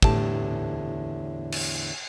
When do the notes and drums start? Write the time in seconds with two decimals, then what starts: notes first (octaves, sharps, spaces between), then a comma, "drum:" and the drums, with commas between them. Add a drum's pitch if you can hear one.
0.02 E2 A2 D3 B3 G4 A5, drum: kick
1.52 drum: cymbal